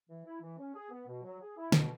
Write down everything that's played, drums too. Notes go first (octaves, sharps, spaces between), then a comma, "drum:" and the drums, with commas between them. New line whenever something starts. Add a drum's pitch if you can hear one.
E3
E4
E3
C#4
G#4
B3
B2
F#3
G#4
E4
B2, drum: snare